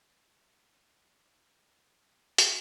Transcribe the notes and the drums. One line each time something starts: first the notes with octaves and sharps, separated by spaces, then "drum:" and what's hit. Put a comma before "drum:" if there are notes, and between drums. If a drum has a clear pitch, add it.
A3 C#4 D4 D5 A5
drum: hi-hat